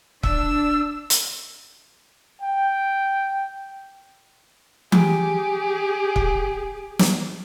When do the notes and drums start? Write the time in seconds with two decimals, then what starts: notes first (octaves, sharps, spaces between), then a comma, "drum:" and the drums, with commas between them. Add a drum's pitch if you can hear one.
0.23 D4 E6, drum: kick
1.10 drum: hi-hat
2.42 G5
4.92 G4 G#4, drum: tom E3
6.16 drum: kick
6.99 drum: snare